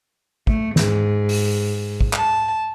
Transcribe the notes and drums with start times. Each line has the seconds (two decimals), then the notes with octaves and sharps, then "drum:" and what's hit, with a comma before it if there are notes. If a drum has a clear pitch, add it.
0.47 A3, drum: kick
0.76 G#2, drum: snare
1.29 drum: open hi-hat
2.01 drum: kick
2.13 A5, drum: clap